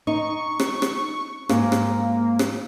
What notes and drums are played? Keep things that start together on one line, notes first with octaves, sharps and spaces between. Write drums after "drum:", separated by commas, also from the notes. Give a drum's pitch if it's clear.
D#4 C#6
drum: rim click
drum: rim click
G#2 A#3, drum: rim click
drum: rim click
drum: rim click